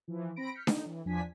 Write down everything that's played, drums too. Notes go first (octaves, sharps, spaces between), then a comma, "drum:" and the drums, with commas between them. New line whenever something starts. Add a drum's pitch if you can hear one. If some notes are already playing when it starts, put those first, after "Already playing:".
E3 F3
C4 B5 A#6 D7
F6 G6 B6 C#7
D#4, drum: snare D4
E3
E2 F3 D4 G#5 B6